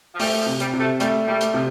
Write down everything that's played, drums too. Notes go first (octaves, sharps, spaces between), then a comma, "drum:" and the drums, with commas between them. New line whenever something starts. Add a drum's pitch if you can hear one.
F3
G3 A3, drum: open hi-hat
F3
C3
G3, drum: hi-hat
C3
A3
G3 A3, drum: hi-hat
G3 A3
drum: hi-hat
C3 F3